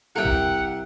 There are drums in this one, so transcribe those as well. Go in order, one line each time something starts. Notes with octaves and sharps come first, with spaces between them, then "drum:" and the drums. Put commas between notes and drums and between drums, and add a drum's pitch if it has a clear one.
C2 C3 A#4 F#5 G5
drum: kick A1